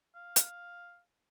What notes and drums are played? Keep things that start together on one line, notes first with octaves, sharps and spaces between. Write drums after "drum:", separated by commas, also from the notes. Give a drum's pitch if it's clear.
F5
drum: hi-hat